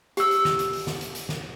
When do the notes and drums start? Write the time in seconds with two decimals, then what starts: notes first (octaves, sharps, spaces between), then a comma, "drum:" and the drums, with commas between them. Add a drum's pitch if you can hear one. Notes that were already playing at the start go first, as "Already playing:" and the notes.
0.17 G4 E6, drum: hi-hat
0.31 drum: hi-hat
0.45 drum: snare
0.59 drum: hi-hat
0.73 drum: open hi-hat
0.87 drum: snare
1.01 drum: hi-hat
1.15 drum: hi-hat
1.29 drum: snare